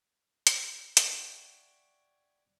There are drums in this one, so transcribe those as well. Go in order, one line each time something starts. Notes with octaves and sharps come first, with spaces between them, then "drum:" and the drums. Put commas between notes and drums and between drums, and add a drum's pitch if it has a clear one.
drum: hi-hat
C#5 D5 E5 F#5 G5, drum: hi-hat